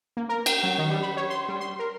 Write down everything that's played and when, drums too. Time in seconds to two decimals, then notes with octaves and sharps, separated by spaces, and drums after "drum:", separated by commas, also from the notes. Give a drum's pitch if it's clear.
0.17 A#3
0.29 A#4
0.46 G5, drum: cymbal
0.63 F#3
0.78 D#3
0.90 G3
1.03 B5
1.17 C#5
1.30 C6
1.48 G3
1.60 C6
1.79 A#4